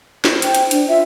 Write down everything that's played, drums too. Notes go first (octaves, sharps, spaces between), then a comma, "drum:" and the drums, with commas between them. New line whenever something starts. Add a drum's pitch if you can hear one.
C5, drum: snare
G5, drum: hi-hat
drum: hi-hat
D4, drum: hi-hat
F4 E5